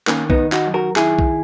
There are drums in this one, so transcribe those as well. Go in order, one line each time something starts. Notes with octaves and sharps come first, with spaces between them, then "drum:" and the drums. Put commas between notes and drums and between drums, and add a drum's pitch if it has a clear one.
D#3 A#3 C#4, drum: clap
B3 D#4, drum: kick B1
D#3
D#4 F#4, drum: clap
F#2
F#4 A#4
D#3 E4 G#4, drum: clap
drum: kick B1